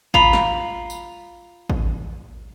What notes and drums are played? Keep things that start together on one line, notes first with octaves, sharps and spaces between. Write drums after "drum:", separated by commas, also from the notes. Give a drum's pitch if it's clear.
F4 A#5 B5 D#6, drum: kick A1
drum: snare
drum: tambourine
drum: kick A1